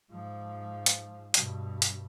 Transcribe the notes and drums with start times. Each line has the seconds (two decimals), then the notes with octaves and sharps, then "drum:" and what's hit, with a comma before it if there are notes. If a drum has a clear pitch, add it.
0.11 G#2 F3
0.86 drum: hi-hat
1.34 G2 B2, drum: hi-hat
1.82 drum: hi-hat